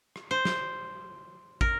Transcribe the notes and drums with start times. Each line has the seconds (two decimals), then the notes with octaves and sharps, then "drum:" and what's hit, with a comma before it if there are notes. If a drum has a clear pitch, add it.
0.16 drum: rim click
0.31 C5
0.45 drum: snare
1.61 A#4, drum: kick